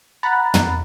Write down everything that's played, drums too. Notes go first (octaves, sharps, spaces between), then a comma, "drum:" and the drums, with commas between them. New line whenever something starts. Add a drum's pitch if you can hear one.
F#5 A#5 B5 F#6 A6
drum: tom